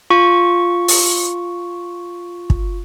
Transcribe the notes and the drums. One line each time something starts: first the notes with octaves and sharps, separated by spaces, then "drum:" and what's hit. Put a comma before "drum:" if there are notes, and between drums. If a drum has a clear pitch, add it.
F4 C#6
drum: open hi-hat
drum: kick